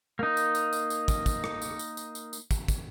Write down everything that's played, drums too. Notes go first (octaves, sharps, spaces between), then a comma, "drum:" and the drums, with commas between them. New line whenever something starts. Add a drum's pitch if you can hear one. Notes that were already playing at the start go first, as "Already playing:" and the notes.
A#3 D#4
drum: tambourine
drum: tambourine
drum: tambourine
drum: tambourine
drum: kick, tambourine
drum: kick, tambourine
drum: rim click
drum: tambourine
drum: tambourine
drum: tambourine
drum: tambourine
drum: tambourine
drum: kick, tambourine
drum: kick, tambourine